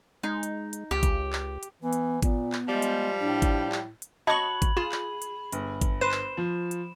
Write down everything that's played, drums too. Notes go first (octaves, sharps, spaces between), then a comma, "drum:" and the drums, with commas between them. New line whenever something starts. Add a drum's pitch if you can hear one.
G#3 D#4
drum: hi-hat
drum: hi-hat
C#2 G4
drum: kick G#1, hi-hat
drum: clap
drum: hi-hat
E3 B3
drum: hi-hat
A#2 B3, drum: kick G#1, hi-hat
drum: clap
F3 G3 G#3
drum: hi-hat
A2 D4
drum: kick G#1, hi-hat
drum: clap
drum: hi-hat
F#4 C#5 D#5 A5 B5 C#6 G#6 F#7
drum: kick G#1, hi-hat
F4 G#4 E7
drum: clap
drum: hi-hat
G1, drum: hi-hat
drum: kick G#1, hi-hat
B4 C5 E7
drum: clap
F3
drum: hi-hat